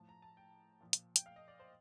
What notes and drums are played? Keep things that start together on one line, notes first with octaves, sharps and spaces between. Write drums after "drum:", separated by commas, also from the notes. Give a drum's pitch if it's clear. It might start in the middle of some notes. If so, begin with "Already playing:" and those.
Already playing: A2 F3 A5
A#5
A5
G5
A#2 F3
drum: hi-hat
G5, drum: hi-hat
F5
D#5
D5
C5